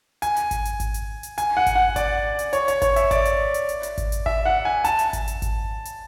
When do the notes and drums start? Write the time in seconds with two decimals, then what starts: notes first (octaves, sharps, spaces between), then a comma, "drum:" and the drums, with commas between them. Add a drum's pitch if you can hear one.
0.22 G#5, drum: hi-hat
0.36 drum: hi-hat
0.51 drum: kick G#1, hi-hat
0.65 drum: hi-hat
0.80 drum: kick G#1, hi-hat
0.94 drum: hi-hat
1.23 drum: hi-hat
1.38 G#5, drum: hi-hat
1.57 F#5
1.66 drum: kick G#1, hi-hat
1.75 F#5
1.96 D5, drum: kick G#1, hi-hat
2.39 drum: hi-hat
2.53 C#5, drum: hi-hat
2.68 C#5, drum: hi-hat
2.82 C#5, drum: kick G#1, hi-hat
2.96 E5, drum: hi-hat
3.11 D5, drum: kick G#1, hi-hat
3.25 drum: hi-hat
3.54 drum: hi-hat
3.69 drum: hi-hat
3.83 drum: hi-hat
3.98 drum: kick G#1, hi-hat
4.12 drum: hi-hat
4.26 E5, drum: kick G#1
4.46 F#5
4.65 G#5
4.84 A5, drum: hi-hat
4.99 drum: hi-hat
5.13 drum: kick G#1, hi-hat
5.28 drum: hi-hat
5.42 drum: kick G#1, hi-hat
5.85 drum: hi-hat